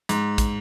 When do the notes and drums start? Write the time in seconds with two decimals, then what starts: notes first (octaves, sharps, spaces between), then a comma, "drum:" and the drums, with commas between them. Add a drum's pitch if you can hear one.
0.09 G#2, drum: hi-hat
0.38 drum: kick, hi-hat